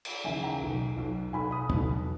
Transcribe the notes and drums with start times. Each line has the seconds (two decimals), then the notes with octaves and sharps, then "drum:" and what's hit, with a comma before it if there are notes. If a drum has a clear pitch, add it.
0.05 drum: cymbal
0.24 D#2 C#3 E3 E5 G#5
0.43 G5 A#5
0.61 B1 B2
0.97 B1 B2
1.33 B1 B2 G#5 B5
1.51 B5 D#6
1.70 B1 B2, drum: tom